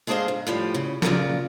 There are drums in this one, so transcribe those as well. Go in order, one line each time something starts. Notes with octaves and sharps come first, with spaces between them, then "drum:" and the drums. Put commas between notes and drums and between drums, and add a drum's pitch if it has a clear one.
G#3 D4 G#4 C5 D#5 F5
G#2
A2 F3 G3
C#3
A#2 C#3 G#3 F4 A#4 D5, drum: snare